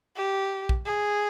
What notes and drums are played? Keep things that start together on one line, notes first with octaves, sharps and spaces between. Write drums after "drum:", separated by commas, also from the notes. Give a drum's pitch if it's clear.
G4
drum: kick
G#4